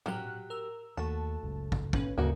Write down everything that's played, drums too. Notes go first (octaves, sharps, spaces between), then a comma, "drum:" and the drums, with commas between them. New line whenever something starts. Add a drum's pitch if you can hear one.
F#3 F#4 G4 F6 F#6, drum: tom A2
A#4 E6
D#2 A3 F#4 A5
F#1 C#2 C#3
drum: kick
A#2 C#4 B4, drum: kick
D2 G2 C#3 A#3 F#4